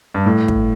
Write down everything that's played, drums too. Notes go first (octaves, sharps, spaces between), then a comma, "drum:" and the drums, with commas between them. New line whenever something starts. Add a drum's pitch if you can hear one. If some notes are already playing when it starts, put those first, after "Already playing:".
G2
A2
drum: kick